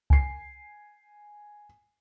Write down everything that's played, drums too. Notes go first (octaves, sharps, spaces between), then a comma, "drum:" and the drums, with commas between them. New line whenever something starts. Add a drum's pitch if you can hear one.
G#5 C7, drum: kick C#2